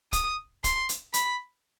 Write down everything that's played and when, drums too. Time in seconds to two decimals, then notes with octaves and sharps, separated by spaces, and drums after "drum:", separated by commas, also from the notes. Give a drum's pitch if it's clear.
0.13 D#6, drum: kick, hi-hat
0.64 C6, drum: kick, hi-hat
0.89 drum: hi-hat
1.14 B5, drum: hi-hat